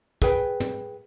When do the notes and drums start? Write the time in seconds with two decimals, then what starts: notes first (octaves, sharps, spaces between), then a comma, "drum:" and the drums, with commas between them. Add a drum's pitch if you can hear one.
0.22 G#4 B4 G5, drum: kick
0.60 drum: tom